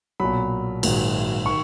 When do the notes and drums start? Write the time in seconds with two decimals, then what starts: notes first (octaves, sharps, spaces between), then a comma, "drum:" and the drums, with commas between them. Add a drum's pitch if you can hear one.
0.20 B1 A#2 F#3 B5
0.83 A#1 G#2 D#3 F#3, drum: cymbal
1.46 D#3 C#6